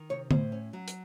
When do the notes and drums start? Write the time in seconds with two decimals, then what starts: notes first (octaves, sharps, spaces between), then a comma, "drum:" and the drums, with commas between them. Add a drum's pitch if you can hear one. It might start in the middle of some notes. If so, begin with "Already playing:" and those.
Already playing: D#3
0.09 C3 C#5
0.31 A2 C5, drum: tom
0.52 C#4
0.73 F#3
0.88 drum: hi-hat